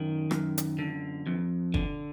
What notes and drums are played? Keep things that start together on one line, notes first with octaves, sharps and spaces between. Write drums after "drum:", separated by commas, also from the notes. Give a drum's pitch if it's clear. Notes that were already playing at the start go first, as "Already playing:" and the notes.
Already playing: F#2 D#3
F#2, drum: rim click
drum: hi-hat
D3
F2
D3, drum: kick